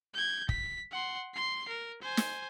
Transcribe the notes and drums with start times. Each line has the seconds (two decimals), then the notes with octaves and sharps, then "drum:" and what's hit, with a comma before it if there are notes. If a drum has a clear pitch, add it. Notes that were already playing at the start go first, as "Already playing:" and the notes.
0.14 G6 G#6
0.49 B6, drum: kick
0.91 F#5 C6
1.34 C6 C7
1.68 A#4
2.02 C5 G#5
2.17 drum: snare